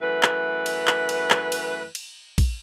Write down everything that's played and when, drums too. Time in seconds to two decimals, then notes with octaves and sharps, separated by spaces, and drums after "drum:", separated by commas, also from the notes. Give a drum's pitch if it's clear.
0.01 F#2 E3 A3 B4
0.23 drum: clap
0.66 drum: cymbal
0.87 drum: clap
1.09 drum: cymbal
1.30 drum: clap
1.52 drum: cymbal
1.95 drum: cymbal
2.38 drum: kick, cymbal